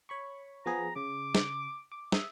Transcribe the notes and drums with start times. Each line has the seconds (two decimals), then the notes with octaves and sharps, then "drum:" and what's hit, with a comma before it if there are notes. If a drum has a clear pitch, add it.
0.09 C#5 B5 C#6
0.66 F3 B3 G#4 A#5
0.96 C#3 D6
1.35 drum: snare
1.92 D6
2.12 E5 D#6, drum: snare